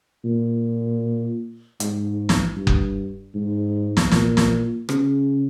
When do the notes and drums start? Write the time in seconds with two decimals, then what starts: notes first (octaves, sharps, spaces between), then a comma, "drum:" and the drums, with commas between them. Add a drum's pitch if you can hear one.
0.25 A#2
1.80 G#2, drum: hi-hat
2.29 drum: snare
2.57 G2
2.67 drum: kick F#1
3.35 G#2
3.97 drum: snare
4.11 A#2, drum: snare
4.37 drum: snare
4.89 C#3, drum: rim click